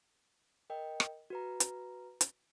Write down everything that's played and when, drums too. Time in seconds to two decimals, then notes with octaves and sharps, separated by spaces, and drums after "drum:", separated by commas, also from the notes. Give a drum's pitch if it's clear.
0.70 A#4 D#5 G5
1.00 drum: rim click
1.30 F#4 B4 A#5
1.60 drum: hi-hat
2.21 drum: hi-hat